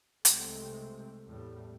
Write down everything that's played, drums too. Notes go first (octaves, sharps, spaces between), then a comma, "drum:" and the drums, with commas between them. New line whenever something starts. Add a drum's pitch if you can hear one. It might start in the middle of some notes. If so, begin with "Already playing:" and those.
C2 C3 G#3 A3 C4, drum: hi-hat
E2 A2 G3